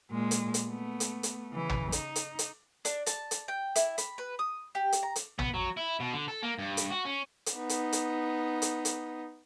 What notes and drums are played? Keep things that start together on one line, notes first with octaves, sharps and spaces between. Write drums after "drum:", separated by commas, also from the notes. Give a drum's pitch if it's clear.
A#2 G#3
drum: hi-hat
drum: hi-hat
A3 B3
drum: hi-hat
drum: hi-hat
C#3 E3
drum: tom
D#4, drum: hi-hat
drum: hi-hat
drum: hi-hat
D4, drum: hi-hat
A5, drum: hi-hat
drum: hi-hat
G5
E4, drum: hi-hat
B5, drum: hi-hat
B4
D#6
G4
drum: hi-hat
A#5
drum: hi-hat
B3, drum: tom
F#3
E4
B2
D3
A4
A#3
G2
drum: hi-hat
F#4
C#4
drum: hi-hat
B3 D#4
drum: hi-hat
drum: hi-hat
drum: hi-hat
drum: hi-hat